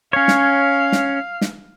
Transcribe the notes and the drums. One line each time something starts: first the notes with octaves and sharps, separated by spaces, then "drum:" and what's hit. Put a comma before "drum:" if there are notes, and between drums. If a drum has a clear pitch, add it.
C#4 C#5 F5
drum: snare
drum: snare
drum: snare